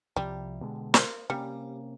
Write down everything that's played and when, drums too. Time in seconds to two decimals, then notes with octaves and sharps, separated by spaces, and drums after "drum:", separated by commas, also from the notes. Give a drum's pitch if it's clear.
0.16 C2 C3 F3 G3
0.61 B2 D3 G#3
0.94 A#3 C5, drum: snare
1.30 C3 G3 A#3 C#4